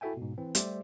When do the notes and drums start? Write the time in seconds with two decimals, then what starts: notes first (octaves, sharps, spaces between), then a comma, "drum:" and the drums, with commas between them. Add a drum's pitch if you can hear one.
0.01 E4 F#4 A4 E5 G5 G#5
0.17 G#2 B2
0.38 E3 C4
0.55 G3 A3 G4 C5 D5 E5, drum: hi-hat